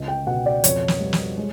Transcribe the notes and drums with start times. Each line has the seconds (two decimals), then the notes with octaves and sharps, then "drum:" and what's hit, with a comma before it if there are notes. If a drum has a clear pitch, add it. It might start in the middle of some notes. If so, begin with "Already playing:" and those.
Already playing: C#2
0.08 G5
0.27 B2 F#5
0.46 D5
0.64 F2 C#5, drum: hi-hat
0.88 drum: snare
1.00 G3
1.13 drum: snare
1.37 G#3